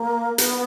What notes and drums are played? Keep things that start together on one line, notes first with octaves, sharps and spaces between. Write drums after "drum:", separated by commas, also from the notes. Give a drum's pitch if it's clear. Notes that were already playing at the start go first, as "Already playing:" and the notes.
Already playing: A#3
B3, drum: hi-hat